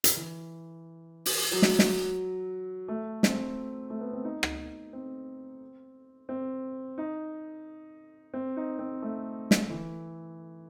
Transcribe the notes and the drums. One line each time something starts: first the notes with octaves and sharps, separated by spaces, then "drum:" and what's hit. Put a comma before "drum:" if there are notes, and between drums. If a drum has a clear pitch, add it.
drum: hi-hat
E3
drum: open hi-hat
F#3
drum: snare
drum: snare
A3
C4, drum: snare
A3
B3
C4
D#4
drum: rim click
C4
C4
D#4
C4
D#4
C4
A3
drum: snare
E3